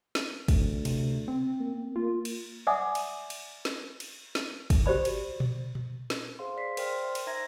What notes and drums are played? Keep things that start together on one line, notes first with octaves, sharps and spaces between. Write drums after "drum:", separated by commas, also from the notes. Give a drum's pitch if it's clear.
drum: snare
D2, drum: kick, cymbal
C3, drum: cymbal
C4
A#3
A#3 F4
drum: cymbal
D5 E5 F#5 G#5 D6 D#6
drum: cymbal
drum: cymbal
drum: snare
drum: cymbal
drum: snare
drum: kick, cymbal
F#4 G4 C5 D5 B5
drum: cymbal
drum: tom A#2
drum: tom A#2
drum: snare
G#4 C5 F5 C6
D5 C6 B6 C7
A#4 C5 D5 G5 C6 F6, drum: cymbal
E5 C6
drum: cymbal
D#4 C5 E5 A#5 G#6 A#6